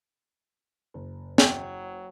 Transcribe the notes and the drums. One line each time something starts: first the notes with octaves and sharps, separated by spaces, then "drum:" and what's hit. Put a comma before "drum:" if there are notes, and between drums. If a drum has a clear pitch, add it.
F#1
F#3 G5, drum: snare